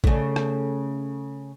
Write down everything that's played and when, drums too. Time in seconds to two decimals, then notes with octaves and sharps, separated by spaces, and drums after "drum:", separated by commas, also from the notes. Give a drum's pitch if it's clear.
0.04 C#3 A3, drum: kick
0.36 drum: rim click